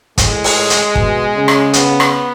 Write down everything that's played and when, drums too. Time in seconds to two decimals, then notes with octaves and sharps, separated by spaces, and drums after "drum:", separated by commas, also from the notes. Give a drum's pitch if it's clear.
0.18 A2 G#3, drum: kick, hi-hat
0.44 drum: open hi-hat
0.70 drum: hi-hat
0.95 B2, drum: kick
1.35 C#3
1.48 drum: rim click
1.73 B3, drum: hi-hat
2.00 drum: rim click